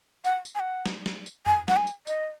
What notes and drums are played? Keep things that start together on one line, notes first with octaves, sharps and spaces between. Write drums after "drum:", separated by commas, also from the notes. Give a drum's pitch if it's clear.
F#5, drum: tambourine
drum: tambourine
G#5
F#5
drum: snare
drum: snare
drum: tambourine
G#5, drum: tom F2
F#5, drum: snare
G#5
drum: tambourine
D#5, drum: tambourine